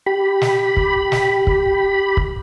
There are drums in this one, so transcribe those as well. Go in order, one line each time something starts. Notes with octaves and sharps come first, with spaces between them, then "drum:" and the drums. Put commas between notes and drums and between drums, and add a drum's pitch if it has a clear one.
G4 B5
drum: snare
drum: kick
drum: snare
drum: kick
drum: kick